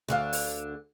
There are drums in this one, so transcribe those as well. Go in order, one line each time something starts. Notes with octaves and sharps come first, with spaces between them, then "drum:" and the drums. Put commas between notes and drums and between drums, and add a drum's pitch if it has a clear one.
D2 D3 F5
drum: open hi-hat